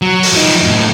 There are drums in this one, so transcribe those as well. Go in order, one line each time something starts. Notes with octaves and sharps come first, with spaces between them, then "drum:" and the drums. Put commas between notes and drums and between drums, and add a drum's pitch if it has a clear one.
F#3
drum: open hi-hat
F3 D#4
F#2 A2